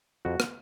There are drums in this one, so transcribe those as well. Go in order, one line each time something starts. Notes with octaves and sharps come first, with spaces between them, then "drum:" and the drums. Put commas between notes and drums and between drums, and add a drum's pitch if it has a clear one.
F2 F#4
drum: rim click